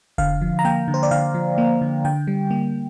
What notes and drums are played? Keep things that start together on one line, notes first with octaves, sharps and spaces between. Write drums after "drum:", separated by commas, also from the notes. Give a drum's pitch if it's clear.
D3 F5, drum: kick F1
F3
A#5
A#3 G5
D3
C5
D5
D3 F5
F3
A#3
D3
D3 G5
G3
A#3